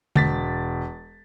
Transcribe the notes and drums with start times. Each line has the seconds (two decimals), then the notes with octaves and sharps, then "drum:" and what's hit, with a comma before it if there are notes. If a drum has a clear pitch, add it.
0.16 E1 A6 B6, drum: tom D3